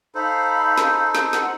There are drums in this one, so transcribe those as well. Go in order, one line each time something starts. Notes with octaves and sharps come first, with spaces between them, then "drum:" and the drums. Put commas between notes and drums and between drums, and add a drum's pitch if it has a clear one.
D#4 A4 C5 F5 B5
drum: snare
drum: snare
F#5, drum: snare